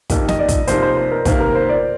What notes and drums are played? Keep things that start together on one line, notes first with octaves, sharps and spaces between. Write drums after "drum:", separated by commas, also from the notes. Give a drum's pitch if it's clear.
F2 D#3 A#3 D#4 G4, drum: kick, hi-hat
D#5, drum: snare
D5
drum: kick, hi-hat
C3 F3 A#3 D#4 C5, drum: hi-hat
C5
C5
A#4
C3 D#3 A#3 C5, drum: kick, hi-hat
A#4
C5
D5